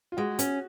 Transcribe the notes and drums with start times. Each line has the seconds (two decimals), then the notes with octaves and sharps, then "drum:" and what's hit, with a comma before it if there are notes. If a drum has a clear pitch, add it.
0.12 F4
0.17 G#3 F#4
0.39 C#4, drum: hi-hat